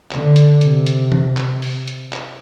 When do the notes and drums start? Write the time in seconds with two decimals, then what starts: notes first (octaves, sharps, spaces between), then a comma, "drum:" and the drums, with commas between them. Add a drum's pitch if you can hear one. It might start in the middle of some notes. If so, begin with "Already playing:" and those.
0.11 D3, drum: clap
0.36 drum: hi-hat
0.61 C3, drum: hi-hat
0.86 drum: hi-hat
1.12 drum: tom
1.37 drum: clap
1.62 drum: open hi-hat
1.87 drum: hi-hat
2.13 drum: clap